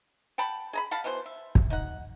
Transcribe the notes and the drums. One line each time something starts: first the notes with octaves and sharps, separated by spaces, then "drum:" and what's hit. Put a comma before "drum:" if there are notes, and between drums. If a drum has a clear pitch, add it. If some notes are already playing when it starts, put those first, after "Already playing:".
F#5 G5 A5 B5
G#4 A#5 B5
F5 F#5 A5 B5
B2 E3 B3 C5
E5
drum: kick
D#4 F#5